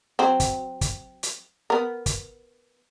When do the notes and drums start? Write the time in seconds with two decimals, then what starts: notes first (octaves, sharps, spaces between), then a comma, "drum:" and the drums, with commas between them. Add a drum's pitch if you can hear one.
0.19 F#3 C4
0.40 drum: kick, hi-hat
0.81 drum: kick, hi-hat
1.23 drum: hi-hat
1.70 B3 A#4
2.06 drum: kick, hi-hat